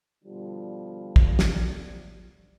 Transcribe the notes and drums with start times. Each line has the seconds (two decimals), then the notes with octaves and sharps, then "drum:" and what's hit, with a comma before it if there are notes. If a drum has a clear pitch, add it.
0.24 B2 D3 F3 G3
1.16 drum: kick
1.39 drum: snare